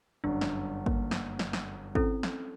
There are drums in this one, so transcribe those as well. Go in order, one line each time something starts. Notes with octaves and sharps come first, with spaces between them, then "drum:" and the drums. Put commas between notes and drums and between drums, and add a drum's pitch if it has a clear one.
G1 F#2 D4
drum: snare
A#3, drum: kick G#1
drum: snare
drum: snare
drum: snare
C4 C#4 E4 A4, drum: kick G#1
drum: snare